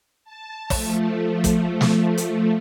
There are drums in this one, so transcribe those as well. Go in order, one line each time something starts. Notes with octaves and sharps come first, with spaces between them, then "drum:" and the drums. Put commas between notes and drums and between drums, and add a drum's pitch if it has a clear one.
A5
F3 A3, drum: kick, open hi-hat
drum: kick, hi-hat
drum: snare
drum: hi-hat